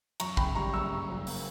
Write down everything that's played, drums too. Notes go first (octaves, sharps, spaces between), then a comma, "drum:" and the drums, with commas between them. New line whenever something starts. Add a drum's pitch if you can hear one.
F#2 A#5 C#6, drum: cymbal
C#3 G5 B5, drum: kick
G3 A#5 C#6
F#1 C#6 E6
G2
F#3
A#3, drum: open hi-hat